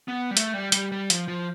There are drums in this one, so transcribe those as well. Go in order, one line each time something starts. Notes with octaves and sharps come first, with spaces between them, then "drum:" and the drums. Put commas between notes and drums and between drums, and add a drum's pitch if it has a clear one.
B3
G3
A3, drum: hi-hat
G3
G3, drum: hi-hat
G3
F3, drum: hi-hat
F3